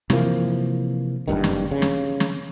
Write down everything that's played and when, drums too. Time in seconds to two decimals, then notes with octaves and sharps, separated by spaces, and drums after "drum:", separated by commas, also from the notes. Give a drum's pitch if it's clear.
0.10 C3 E3 F3 A#3, drum: snare
1.28 F#1 C2 G2 D#3
1.44 drum: snare
1.71 C#3
1.82 drum: snare
2.20 drum: snare